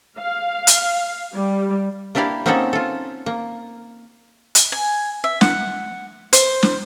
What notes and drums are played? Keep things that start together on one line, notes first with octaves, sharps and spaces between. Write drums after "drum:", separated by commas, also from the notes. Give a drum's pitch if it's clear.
F5
drum: hi-hat
G3
A#3 D4 E4 G4 D5 F5
A#3 C4 C#4 D#4 F#4 A4
F4 A4
A#3
drum: hi-hat
G#5
E5
F#5, drum: snare
C5, drum: hi-hat
drum: snare